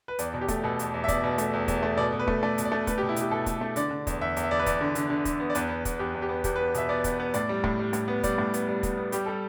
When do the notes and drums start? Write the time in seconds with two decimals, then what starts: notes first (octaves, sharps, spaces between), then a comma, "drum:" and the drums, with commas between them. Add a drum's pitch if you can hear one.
0.08 B4
0.19 E2 D5, drum: hi-hat
0.34 B2
0.41 G4
0.48 A3, drum: kick, hi-hat
0.64 B2 A4
0.79 E2, drum: hi-hat
0.94 E2
1.04 E5
1.08 B2 D5, drum: kick, hi-hat
1.24 B2
1.38 A3, drum: hi-hat
1.53 E2
1.68 E2, drum: kick, hi-hat
1.83 A3
1.97 B2 D5
2.13 B2
2.20 B4
2.28 A3, drum: kick
2.43 A3 D5
2.58 B2, drum: hi-hat
2.65 D5
2.72 A3
2.87 A3 B4, drum: kick, hi-hat
2.98 G4
3.02 B2
3.09 E4
3.16 B2 G4, drum: hi-hat
3.31 B2 A4
3.46 A3, drum: kick, hi-hat
3.61 A3
3.76 D3 D5, drum: hi-hat
3.91 D3
4.07 E2, drum: kick, hi-hat
4.21 E2 E5
4.37 E2, drum: hi-hat
4.44 E5
4.51 E2 D5
4.59 B4
4.66 E2 D5, drum: kick, hi-hat
4.81 D3
4.95 D3, drum: hi-hat
5.10 D3
5.25 D3, drum: kick, hi-hat
5.40 B3
5.50 D5
5.55 E2 B4, drum: hi-hat
5.69 B3
5.85 E2, drum: kick, hi-hat
5.99 E2 G4
6.14 E2
6.22 G4
6.29 B3
6.44 E2 G4, drum: kick, hi-hat
6.56 B4
6.59 B3
6.74 B2 E5, drum: hi-hat
6.89 B3 D5
7.04 E2, drum: kick, hi-hat
7.20 B3
7.34 A2 D5, drum: hi-hat
7.49 G3
7.64 A2, drum: kick
7.79 G3
7.93 A2, drum: hi-hat
8.08 B3
8.24 G3 D5, drum: kick, hi-hat
8.38 A2
8.54 B3, drum: hi-hat
8.69 G3
8.83 B3, drum: kick, hi-hat
8.98 B3
9.12 G3 G4, drum: hi-hat
9.26 G3 A4